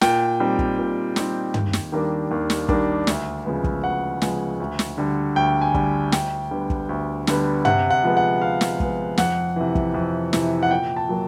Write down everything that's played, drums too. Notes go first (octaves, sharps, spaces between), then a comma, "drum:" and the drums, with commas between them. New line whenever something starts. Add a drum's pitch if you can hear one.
A#2 G5, drum: snare
G3 C4 D#4
drum: kick
A#2
G3 C4 D#4, drum: snare
D#2, drum: tom
drum: snare
D#3 G3 A#3 D4
D#2
drum: snare
D#3 G3 A#3 D4, drum: kick
D2, drum: snare
C#3 F3 G#3 B3
drum: kick
D2 F#5
C#3 F3 G#3 B3, drum: snare
D2
drum: snare
D3 G3
D2 G5
G#5
D3 G3, drum: kick
D2 G5, drum: snare
D3 G3 B3
drum: kick
D2
D3 G3 B3, drum: snare
C3 F#5, drum: tom
F#5
F3 G#3 B3
F#5
C3 F5
drum: snare
F3 G#3 B3, drum: kick
F2 F#5, drum: snare
C3 E3
drum: kick
F2
C3 E3, drum: snare
F#5
A#2 G5
A5
F#3 A#3